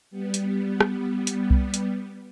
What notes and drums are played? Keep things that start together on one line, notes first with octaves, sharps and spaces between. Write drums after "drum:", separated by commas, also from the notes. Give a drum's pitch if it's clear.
G3 B3
drum: hi-hat
drum: rim click
drum: hi-hat
drum: kick C2
drum: hi-hat